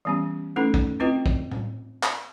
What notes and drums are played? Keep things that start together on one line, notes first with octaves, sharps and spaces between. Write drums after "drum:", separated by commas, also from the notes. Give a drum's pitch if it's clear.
E3 G3 B3 C#4 G4
A3 C#4 D#4 E4 A4 B4
drum: kick
C4 E4 F4 B4 D#5 G5
drum: kick
drum: tom A2
drum: clap